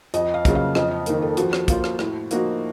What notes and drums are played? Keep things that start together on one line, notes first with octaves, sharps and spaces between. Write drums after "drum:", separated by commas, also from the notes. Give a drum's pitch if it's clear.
F2 D#5, drum: hi-hat
F5
C#3 F#3 A#3 F4, drum: kick, hi-hat
F5
F2 D#5, drum: rim click
D#5
D#3 A#3 A#4, drum: hi-hat
A4
F3 F#4, drum: hi-hat
drum: rim click
A#3 F4 C5, drum: kick, hi-hat
drum: rim click
A2, drum: rim click
F3 A#3 D#4 F#4, drum: hi-hat